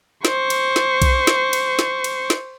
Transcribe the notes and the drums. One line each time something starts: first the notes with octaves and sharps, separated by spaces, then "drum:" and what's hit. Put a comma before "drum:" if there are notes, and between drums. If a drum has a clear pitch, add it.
C5 C#6, drum: snare
drum: cymbal
drum: snare
drum: kick B1, cymbal
drum: snare
drum: cymbal
drum: snare
drum: cymbal
drum: snare